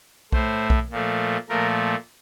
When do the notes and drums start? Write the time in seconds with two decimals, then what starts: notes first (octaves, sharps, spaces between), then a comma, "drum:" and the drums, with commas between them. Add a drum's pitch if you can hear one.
0.32 A2 A3 C5, drum: kick B1
0.70 drum: kick B1
0.91 A#2 F3 A3
1.49 A#2 F3 A3 A#4